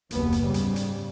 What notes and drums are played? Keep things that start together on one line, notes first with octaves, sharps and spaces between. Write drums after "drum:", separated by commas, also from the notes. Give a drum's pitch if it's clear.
F#1 D#2 B3, drum: hi-hat
drum: hi-hat
G#2 C#3 G3
drum: hi-hat
drum: hi-hat